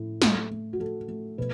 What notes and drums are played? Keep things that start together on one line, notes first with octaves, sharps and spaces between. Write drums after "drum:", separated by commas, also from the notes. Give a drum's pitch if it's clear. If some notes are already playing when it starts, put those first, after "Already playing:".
Already playing: A2
A3, drum: snare
A3
F#4
A3 A4
A3
B2 B4